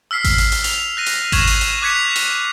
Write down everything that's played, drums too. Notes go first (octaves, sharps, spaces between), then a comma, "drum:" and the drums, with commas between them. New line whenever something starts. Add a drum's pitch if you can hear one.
E6 F6 B6 C7
drum: kick G#1, hi-hat
drum: hi-hat
drum: hi-hat
F7, drum: hi-hat
F#6 A#6 D#7
drum: hi-hat
C#6 G#6 A#6 C7 E7 F#7, drum: kick G#1, hi-hat
drum: hi-hat
drum: hi-hat
D6 F#6 G#6 B6 C#7 F7
drum: hi-hat